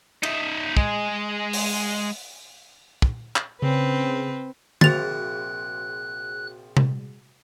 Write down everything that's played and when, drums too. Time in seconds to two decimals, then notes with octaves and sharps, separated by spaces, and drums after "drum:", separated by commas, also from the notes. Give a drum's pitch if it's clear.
0.23 D#4 E5, drum: cymbal
0.77 G#3, drum: kick
1.53 drum: open hi-hat
3.02 drum: kick
3.36 drum: clap
3.62 C#3 C4 B4
4.81 A#1 C3 F3 F#4 G#4 F#6 A6 F7, drum: tom
6.77 drum: tom C3